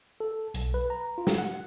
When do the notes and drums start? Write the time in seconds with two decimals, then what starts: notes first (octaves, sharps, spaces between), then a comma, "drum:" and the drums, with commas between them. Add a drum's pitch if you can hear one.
0.20 A4
0.54 B1, drum: hi-hat
0.74 B4
0.90 A#5
1.18 F4
1.27 drum: snare
1.38 F#5